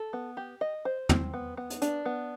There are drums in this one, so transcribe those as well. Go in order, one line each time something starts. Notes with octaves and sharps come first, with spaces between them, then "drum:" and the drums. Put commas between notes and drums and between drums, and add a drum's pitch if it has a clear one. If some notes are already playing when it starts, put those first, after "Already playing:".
Already playing: A4
B3
G4
D#5
C5
C4, drum: tom
B3
B3
drum: hi-hat
D4, drum: hi-hat
B3